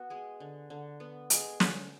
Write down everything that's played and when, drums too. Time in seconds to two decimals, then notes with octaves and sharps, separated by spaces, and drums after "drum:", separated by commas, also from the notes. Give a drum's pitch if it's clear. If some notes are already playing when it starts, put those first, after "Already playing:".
Already playing: B3 F#4
0.10 G#3 G#4
0.40 D3
0.70 D3
1.00 B3
1.30 G#3 G#4, drum: hi-hat
1.60 D3, drum: snare